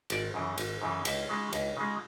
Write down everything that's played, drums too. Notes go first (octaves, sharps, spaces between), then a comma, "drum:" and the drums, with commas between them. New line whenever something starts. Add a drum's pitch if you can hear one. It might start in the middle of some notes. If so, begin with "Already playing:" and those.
G#1 D5, drum: cymbal
F#2 C#3 E3
G#1, drum: cymbal
F#2 C#3 E3
C#2 E5, drum: cymbal
C#3 G#3
C#2, drum: cymbal
C#3 G#3